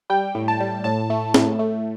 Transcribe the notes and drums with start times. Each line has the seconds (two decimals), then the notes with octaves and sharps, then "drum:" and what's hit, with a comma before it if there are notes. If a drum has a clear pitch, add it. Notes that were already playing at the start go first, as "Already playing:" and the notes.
0.10 G3 G5
0.35 A2
0.48 A5
0.60 G3
0.84 A2 A5
1.10 A3
1.34 A2, drum: snare
1.59 A3